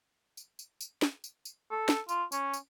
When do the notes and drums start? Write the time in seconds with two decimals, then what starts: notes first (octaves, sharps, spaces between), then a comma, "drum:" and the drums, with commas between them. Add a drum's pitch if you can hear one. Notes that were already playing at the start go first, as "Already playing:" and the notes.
0.37 drum: tambourine
0.59 drum: tambourine
0.81 drum: tambourine
1.02 drum: snare
1.24 drum: tambourine
1.45 drum: tambourine
1.71 A4
1.89 drum: snare
2.09 F4, drum: tambourine
2.32 C#4, drum: tambourine
2.53 drum: tambourine